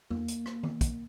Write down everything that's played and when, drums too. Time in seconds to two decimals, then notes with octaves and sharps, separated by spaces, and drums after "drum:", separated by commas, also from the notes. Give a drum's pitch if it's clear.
0.11 A#3, drum: tom E2
0.28 drum: hi-hat
0.46 drum: rim click
0.63 drum: tom D#3
0.81 drum: kick, hi-hat